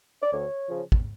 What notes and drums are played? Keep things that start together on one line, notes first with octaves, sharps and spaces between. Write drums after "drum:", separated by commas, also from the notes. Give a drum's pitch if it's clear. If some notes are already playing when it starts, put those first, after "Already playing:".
D5
D2 C#5
C#3 F3
drum: kick